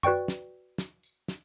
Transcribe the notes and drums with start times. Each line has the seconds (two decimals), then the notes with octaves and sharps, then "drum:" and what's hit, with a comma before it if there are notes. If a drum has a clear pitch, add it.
0.03 F#4 B4 D5 G5 C#6, drum: tom F#2
0.28 drum: snare
0.78 drum: snare
1.03 drum: tambourine
1.28 drum: snare